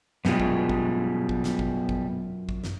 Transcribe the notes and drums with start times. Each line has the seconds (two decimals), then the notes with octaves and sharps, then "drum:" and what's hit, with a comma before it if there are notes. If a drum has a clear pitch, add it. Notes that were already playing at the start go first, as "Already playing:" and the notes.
0.25 F#2 B2 G3 G#3 F4, drum: snare
0.40 drum: kick G#1
0.69 drum: kick G#1
1.29 drum: kick G#1
1.44 drum: snare
1.59 drum: kick G#1
1.89 drum: kick G#1
2.49 drum: kick G#1
2.64 drum: snare